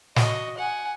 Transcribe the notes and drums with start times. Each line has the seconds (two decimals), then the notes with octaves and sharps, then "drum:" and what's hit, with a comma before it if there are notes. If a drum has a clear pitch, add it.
0.16 F#4 D#5, drum: snare
0.58 F#5 G#5